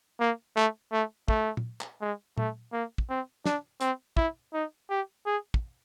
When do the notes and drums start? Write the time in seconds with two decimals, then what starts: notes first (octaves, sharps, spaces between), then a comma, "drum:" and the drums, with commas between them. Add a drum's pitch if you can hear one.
0.20 A#3
0.56 A3
0.92 A3
1.28 A3, drum: kick
1.57 drum: tom A#2
1.81 drum: clap
2.01 G#3
2.38 A3, drum: tom A#2
2.73 A#3
2.98 drum: kick
3.09 C4
3.46 D4, drum: snare
3.81 C4, drum: hi-hat
4.17 E4, drum: kick
4.53 D#4
4.90 G4
5.26 G#4
5.54 drum: kick